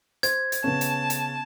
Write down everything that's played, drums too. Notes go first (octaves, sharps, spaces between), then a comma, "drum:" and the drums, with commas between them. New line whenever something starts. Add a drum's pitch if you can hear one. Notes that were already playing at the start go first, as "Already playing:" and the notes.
C5 G#6, drum: hi-hat
drum: hi-hat
C#3 B3 C#4 A5
drum: hi-hat
drum: hi-hat